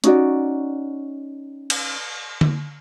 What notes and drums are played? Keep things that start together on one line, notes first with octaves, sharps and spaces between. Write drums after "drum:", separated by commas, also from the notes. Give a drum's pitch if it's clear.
C#4 D#4 F#4 D5, drum: hi-hat
drum: cymbal
drum: tom D3